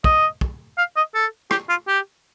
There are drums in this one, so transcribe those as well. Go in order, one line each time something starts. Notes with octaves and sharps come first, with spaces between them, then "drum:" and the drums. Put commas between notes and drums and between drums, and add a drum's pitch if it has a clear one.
D#5, drum: kick
drum: kick
F5
D#5
A4
G4, drum: rim click
F4
G4